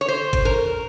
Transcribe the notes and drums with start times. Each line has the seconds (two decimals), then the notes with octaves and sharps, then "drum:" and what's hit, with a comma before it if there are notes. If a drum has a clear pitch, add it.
0.01 C#5
0.08 C5
0.33 drum: kick, hi-hat
0.45 A#4